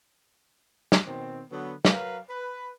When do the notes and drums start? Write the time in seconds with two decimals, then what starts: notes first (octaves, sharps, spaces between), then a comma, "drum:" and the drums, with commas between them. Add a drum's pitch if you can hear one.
0.92 drum: snare
1.07 B2 D#3 C4
1.50 D3 F#3 B3
1.85 F#3 A#4 B4 F5, drum: snare
2.29 B4